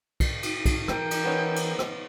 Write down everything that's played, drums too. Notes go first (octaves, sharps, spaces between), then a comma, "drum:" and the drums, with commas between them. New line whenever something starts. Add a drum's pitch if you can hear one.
drum: kick, cymbal
drum: cymbal
drum: kick, cymbal
E3 A#4 G5, drum: rim click
drum: cymbal
B3 C#4 D#4
drum: cymbal
drum: rim click